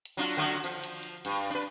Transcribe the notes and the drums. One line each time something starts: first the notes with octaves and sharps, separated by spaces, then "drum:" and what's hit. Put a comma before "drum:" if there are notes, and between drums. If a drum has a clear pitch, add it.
drum: hi-hat
F#3 D4 F4
D3 F#3 A3
F3, drum: hi-hat
drum: hi-hat
drum: hi-hat
G2, drum: hi-hat
D4 B4